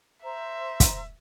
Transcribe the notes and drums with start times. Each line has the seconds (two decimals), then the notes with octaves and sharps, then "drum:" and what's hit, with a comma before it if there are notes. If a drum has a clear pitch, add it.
0.23 C5 E5 A#5
0.80 drum: kick, hi-hat